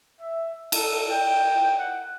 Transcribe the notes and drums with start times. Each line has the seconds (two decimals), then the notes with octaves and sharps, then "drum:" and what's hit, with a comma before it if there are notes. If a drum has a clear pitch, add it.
0.20 E5
0.72 A4, drum: cymbal
1.10 G5
1.78 F#5